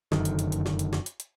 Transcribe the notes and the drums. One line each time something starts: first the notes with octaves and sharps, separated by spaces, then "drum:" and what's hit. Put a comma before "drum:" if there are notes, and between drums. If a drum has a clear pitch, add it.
F1 F#2 D3 D#3, drum: snare
drum: hi-hat
drum: hi-hat
drum: hi-hat
drum: snare
drum: hi-hat
drum: snare
drum: hi-hat
drum: hi-hat